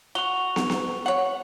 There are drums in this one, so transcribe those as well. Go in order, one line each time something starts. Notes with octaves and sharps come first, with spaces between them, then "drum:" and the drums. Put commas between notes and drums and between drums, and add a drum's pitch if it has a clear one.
F#4 C#6 F7 G7
drum: snare
drum: snare
C#5 F#5